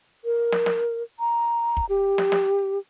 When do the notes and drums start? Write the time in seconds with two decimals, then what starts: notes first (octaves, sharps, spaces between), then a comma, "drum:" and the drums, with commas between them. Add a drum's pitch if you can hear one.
0.25 A#4
0.52 drum: snare
0.66 drum: snare
1.19 A#5
1.77 drum: kick
1.89 G4
2.18 drum: snare
2.32 drum: snare